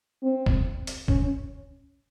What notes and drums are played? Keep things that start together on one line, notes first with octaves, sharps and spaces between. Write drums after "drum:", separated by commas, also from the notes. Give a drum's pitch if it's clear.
C4
drum: kick E1
drum: hi-hat
C#4, drum: kick E1